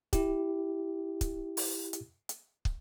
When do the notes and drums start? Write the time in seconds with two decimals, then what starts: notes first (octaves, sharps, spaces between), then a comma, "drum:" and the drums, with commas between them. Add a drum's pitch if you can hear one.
0.13 E4 G4, drum: kick, hi-hat
1.21 drum: kick, hi-hat
1.57 drum: open hi-hat
1.93 drum: hi-hat
2.29 drum: hi-hat
2.65 drum: kick